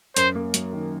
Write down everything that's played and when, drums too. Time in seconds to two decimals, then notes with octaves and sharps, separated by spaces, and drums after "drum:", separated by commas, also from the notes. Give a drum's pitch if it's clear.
0.16 F#2 C5, drum: hi-hat
0.35 A#3
0.54 F#3, drum: hi-hat
0.73 D#3